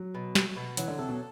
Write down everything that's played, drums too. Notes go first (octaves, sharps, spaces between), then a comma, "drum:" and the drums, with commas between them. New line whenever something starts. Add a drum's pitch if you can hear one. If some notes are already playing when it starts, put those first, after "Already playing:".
Already playing: F#3
B2
A3, drum: snare
B2
E3 F#3, drum: hi-hat
D3
C3 A4
B2